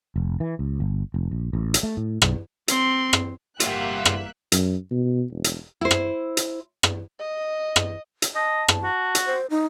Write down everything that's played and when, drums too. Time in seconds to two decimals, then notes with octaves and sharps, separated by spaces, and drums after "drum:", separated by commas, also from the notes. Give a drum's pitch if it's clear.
0.16 F1
0.40 E3
0.59 C#2
0.80 G1
1.14 F1
1.31 A#1
1.53 A1
1.74 drum: hi-hat
1.83 A3
1.97 A2
2.22 B1, drum: rim click
2.68 C4 C6, drum: hi-hat
3.13 drum: rim click
3.60 G1 C2 A#3 F4 G4 E5 F#5 F#6, drum: hi-hat
4.05 drum: rim click
4.52 F#2, drum: hi-hat
4.91 B2
5.32 E1
5.44 drum: hi-hat
5.81 E4 C5
5.91 drum: rim click
6.37 drum: hi-hat
6.83 drum: rim click
7.19 D#5
7.76 drum: rim click
8.22 drum: hi-hat
8.35 D#5 A5
8.68 drum: rim click
8.83 F#4
9.15 drum: hi-hat
9.26 C5
9.50 D#4